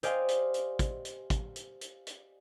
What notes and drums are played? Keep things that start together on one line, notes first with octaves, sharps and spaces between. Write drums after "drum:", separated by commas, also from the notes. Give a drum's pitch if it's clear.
G4 C5 D5 D#5 F5 G#5, drum: hi-hat
drum: hi-hat
drum: hi-hat
drum: kick, hi-hat
drum: hi-hat
drum: kick, hi-hat
drum: hi-hat
drum: hi-hat
drum: hi-hat